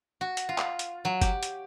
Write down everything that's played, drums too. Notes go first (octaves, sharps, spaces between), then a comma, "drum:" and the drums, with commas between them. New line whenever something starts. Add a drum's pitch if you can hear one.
F#4
drum: hi-hat
F4
drum: clap
drum: hi-hat
F#3
G4, drum: kick F#1, hi-hat
drum: hi-hat